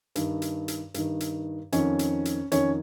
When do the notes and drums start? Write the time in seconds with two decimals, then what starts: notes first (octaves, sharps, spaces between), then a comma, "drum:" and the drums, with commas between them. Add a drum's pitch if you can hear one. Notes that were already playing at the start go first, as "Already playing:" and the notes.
0.15 G2 D#3, drum: hi-hat
0.42 drum: hi-hat
0.68 drum: hi-hat
0.94 G2 D#3, drum: hi-hat
1.20 drum: hi-hat
1.72 F2 D#3 C#4 C#5, drum: hi-hat
1.99 drum: hi-hat
2.25 drum: hi-hat
2.52 F2 D#3 C#4 C#5, drum: hi-hat